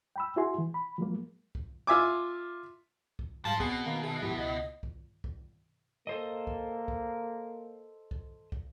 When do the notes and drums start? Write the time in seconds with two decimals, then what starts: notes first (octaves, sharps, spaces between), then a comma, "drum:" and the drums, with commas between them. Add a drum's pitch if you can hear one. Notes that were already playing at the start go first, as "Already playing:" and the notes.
0.16 G5 B5 E6
0.36 E4 F#4 G#4 E5 G#5 C6
0.58 E3
0.74 B5
0.98 F3 F#3 G#3 A#3
1.55 drum: kick
1.87 F4 E5 G#5 D6
3.19 drum: kick
3.45 G#2 F3 G3 F5 A5
3.60 B2 B3 C4 G#4, drum: kick
3.86 D#3 A#3
4.03 G#4 E5
4.22 D1 G#2 F3 E4 G4
4.38 C#2 D#5
4.83 drum: kick
5.24 drum: kick
6.07 A#3 A4 C5 D#5
6.47 drum: kick
6.88 drum: kick
8.11 drum: kick
8.52 drum: kick